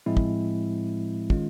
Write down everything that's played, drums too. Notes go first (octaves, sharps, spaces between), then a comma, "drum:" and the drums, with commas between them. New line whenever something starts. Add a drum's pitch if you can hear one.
A2 F3 G#3 C4 E4
drum: kick
D#3 G#3 C#4 F4, drum: kick